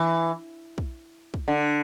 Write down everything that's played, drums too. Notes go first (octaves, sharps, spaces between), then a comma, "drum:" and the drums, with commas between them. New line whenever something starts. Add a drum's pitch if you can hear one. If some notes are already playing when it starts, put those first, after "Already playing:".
Already playing: E3
drum: kick
drum: kick
D3